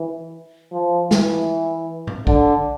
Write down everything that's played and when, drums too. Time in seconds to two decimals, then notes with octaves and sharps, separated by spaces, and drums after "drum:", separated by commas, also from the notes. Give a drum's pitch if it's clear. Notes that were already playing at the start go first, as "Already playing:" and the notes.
Already playing: E3
0.72 F3
1.11 E3, drum: snare
2.07 drum: tom A2
2.27 D3, drum: kick